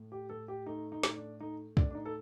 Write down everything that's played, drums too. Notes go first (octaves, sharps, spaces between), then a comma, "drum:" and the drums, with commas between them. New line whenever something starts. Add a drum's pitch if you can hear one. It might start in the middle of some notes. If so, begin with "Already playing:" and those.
Already playing: A2
G4
A2 A4
G4
A3 D#4
D#4
A2, drum: snare
D4
A3 D#4
A2 D4, drum: kick
D4
D#4
A4